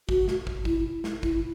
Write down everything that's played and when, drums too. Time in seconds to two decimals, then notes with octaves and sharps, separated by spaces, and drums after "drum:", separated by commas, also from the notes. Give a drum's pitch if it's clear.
0.09 F#4, drum: kick
0.28 drum: snare
0.47 drum: kick
0.65 E4, drum: kick
1.04 drum: snare
1.23 E4, drum: kick